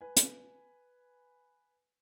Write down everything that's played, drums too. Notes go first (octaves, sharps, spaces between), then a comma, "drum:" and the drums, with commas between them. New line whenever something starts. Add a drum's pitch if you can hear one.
B4 G#5
drum: hi-hat